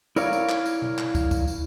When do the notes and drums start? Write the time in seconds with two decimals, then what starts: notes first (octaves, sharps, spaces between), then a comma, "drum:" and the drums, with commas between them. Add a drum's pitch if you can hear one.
0.16 E4 A#4 C#5 D5 F5, drum: tambourine
0.33 drum: tambourine
0.49 drum: clap
0.66 drum: tambourine
0.82 drum: tom B2
0.98 drum: clap
1.15 drum: kick, tambourine
1.31 drum: kick, tambourine
1.48 drum: tambourine